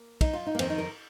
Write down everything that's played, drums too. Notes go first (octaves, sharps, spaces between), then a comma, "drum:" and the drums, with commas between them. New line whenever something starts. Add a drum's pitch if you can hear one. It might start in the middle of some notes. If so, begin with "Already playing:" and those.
Already playing: A#3
D#4, drum: kick, cymbal
F4
D#4
A#3
F2 D#3 C4, drum: cymbal
D#4
A#4